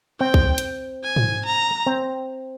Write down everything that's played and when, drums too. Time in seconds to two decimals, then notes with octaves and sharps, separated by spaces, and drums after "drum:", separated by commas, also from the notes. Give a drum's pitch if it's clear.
0.20 C4 G5
0.34 drum: kick
0.58 drum: hi-hat
1.04 G#5
1.16 drum: tom G#2
1.45 A#5
1.86 C4